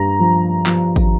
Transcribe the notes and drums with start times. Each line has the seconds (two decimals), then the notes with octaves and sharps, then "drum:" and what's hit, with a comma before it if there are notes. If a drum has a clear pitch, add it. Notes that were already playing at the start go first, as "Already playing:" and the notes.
Already playing: G2 A#5
0.19 F3
0.66 F3, drum: clap
0.96 drum: kick, tambourine